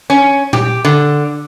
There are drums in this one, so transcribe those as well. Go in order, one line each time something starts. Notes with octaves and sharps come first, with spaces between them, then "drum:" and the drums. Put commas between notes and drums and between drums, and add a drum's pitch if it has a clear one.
C#4
G4, drum: tom A#2
D3